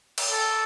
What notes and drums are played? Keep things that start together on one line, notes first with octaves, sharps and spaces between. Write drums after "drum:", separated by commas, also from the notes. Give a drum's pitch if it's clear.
drum: cymbal
A4